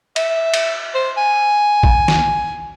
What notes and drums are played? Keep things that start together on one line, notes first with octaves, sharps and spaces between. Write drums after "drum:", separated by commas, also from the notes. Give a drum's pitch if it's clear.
E5, drum: cymbal
drum: cymbal
C5
G#5
drum: kick
drum: snare